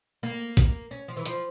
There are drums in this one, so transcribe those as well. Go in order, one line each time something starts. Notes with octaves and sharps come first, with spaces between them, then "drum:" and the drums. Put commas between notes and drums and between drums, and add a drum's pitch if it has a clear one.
A#3
drum: kick, hi-hat
C#4
F3
E3
F3, drum: hi-hat